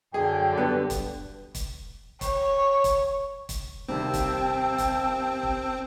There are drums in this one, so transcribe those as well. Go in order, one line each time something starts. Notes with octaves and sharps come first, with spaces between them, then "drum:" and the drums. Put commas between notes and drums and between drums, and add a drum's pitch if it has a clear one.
F#2 D3 F#3 G#4 G5
G2 B3
drum: kick, hi-hat
drum: kick, hi-hat
C#5, drum: kick, hi-hat
drum: kick, hi-hat
drum: kick, hi-hat
D#2 C3 G3 C4 G5 A5 E6
drum: kick, hi-hat
drum: kick, hi-hat
drum: kick